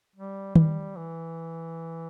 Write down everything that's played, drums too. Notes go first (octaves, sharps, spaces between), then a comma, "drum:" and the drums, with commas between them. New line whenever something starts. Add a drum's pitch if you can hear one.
G3
G3, drum: tom D#3
E3